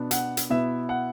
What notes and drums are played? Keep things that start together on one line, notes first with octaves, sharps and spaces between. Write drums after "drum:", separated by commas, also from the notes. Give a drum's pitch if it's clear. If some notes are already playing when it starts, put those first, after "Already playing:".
Already playing: B2 B3 D4
F#5, drum: hi-hat
drum: hi-hat
B2 B3 E4 E5
F#5